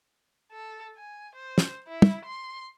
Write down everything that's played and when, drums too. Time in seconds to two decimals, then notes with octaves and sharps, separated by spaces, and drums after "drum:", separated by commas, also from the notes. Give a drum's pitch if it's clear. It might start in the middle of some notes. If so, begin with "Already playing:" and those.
0.52 A4
0.96 G#5
1.35 C5
1.58 drum: snare
1.88 E4
2.02 drum: tom
2.25 C6